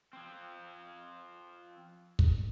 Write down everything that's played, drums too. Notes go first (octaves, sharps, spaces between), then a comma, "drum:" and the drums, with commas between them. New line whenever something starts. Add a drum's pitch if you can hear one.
F3 C4
drum: kick